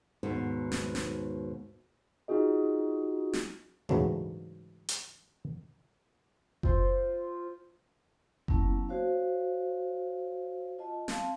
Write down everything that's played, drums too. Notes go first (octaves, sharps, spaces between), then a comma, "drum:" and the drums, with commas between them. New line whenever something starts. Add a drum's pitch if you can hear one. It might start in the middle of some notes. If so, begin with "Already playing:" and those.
D#2 G#2 B2
drum: snare
drum: snare
D#4 F4 F#4 G#4 D#5
drum: snare
G#2 C#3 E3 F#3 A3 D4, drum: tom A#2
drum: hi-hat
F4 C5 E6, drum: kick F#1
F#3 A#3 B3 C#4 E4 A5, drum: kick F#1
F#4 C5 C#5 F5
F4 D#5 A5
C4 F5 A5, drum: snare